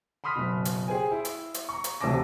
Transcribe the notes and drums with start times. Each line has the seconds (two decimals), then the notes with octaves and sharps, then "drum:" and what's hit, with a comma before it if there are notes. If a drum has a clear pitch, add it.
0.24 B5 C6 D#6 F6 B6
0.36 F#1 B2
0.65 drum: hi-hat
0.88 G4 G#4 C5 G#5
1.11 E4
1.25 drum: hi-hat
1.54 drum: hi-hat
1.69 A#5 C#6
1.84 drum: hi-hat
2.01 A1 D2 C3 A5 D6 A#6